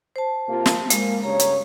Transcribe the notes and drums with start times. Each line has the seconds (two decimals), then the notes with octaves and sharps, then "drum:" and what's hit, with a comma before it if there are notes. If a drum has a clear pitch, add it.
0.16 C5 A5
0.49 C3 A#3 F4
0.66 drum: snare
0.90 G#3 A#3, drum: hi-hat
1.23 G2 C#3 C#5 A#5
1.40 drum: hi-hat